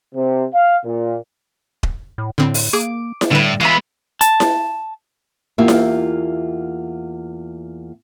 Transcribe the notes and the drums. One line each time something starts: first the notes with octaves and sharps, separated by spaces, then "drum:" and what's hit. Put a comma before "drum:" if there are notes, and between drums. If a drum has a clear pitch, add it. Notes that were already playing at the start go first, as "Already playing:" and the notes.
C3
F5
A#2
drum: kick D#1
A2
A2 D3 C4
drum: open hi-hat
A#3 G#4 D6
drum: snare E4
A2 D3 G3 B4
E3 G#3 B3 F4 E5 B5
A5, drum: hi-hat
drum: snare E4
E2 A#3 E4 F4 G4 E5
drum: snare E4